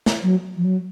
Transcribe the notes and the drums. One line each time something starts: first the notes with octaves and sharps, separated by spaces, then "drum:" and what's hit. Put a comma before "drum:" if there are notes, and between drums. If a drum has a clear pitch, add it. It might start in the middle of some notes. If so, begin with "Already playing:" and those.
drum: snare
F#3
F3
F#3